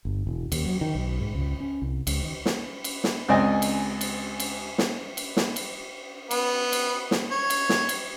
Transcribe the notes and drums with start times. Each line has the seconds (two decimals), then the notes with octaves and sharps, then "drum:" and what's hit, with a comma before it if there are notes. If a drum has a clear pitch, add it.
0.05 G1
0.27 E1
0.52 D#2, drum: cymbal
0.65 F#3
0.81 D#3
0.95 B1
1.20 G#2
1.35 C#2
1.60 C#4
1.82 C2
2.07 C#2, drum: cymbal
2.22 D#3
2.46 drum: snare
2.84 drum: cymbal
3.04 drum: snare
3.28 C#2 C4 D5 D#5 G#5
3.62 drum: cymbal
4.01 drum: cymbal
4.40 drum: cymbal
4.78 drum: snare
5.17 drum: cymbal
5.37 drum: snare
5.56 drum: cymbal
6.31 B3, drum: cymbal
6.72 drum: cymbal
7.11 drum: snare
7.31 C#5
7.50 drum: cymbal
7.69 drum: snare
7.89 drum: cymbal